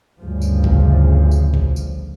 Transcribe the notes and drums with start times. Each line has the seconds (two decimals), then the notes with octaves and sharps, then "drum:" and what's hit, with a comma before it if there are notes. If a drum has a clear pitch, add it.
0.19 D2 G2 C#3 F3
0.42 drum: tambourine
0.64 drum: kick
1.31 drum: tambourine
1.54 drum: kick
1.76 drum: tambourine